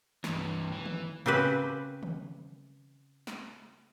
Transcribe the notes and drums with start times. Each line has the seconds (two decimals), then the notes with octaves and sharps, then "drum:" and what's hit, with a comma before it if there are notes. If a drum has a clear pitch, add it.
0.24 G2 E3, drum: snare
0.72 E3
0.86 drum: tom D3
1.26 C#3 C4 G4 B4
2.03 drum: tom D3
3.27 drum: snare